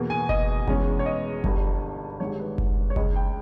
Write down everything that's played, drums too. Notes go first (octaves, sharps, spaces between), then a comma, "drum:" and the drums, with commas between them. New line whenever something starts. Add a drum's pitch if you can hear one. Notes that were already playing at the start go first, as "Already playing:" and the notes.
Already playing: E2 B2 A#3
G#5
D#5, drum: kick F#1
E2 B2 G#3 C#4, drum: kick F#1
C#5
D#5
G1 G2 G3, drum: kick F#1
G#1 G#2 G3 C#5
B4
drum: kick F#1
C#5
C#2 C#3 G#3 D#5, drum: kick F#1
G5